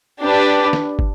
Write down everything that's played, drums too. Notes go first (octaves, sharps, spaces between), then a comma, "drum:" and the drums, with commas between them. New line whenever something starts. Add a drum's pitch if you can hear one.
D4 G4 B4
drum: snare
drum: kick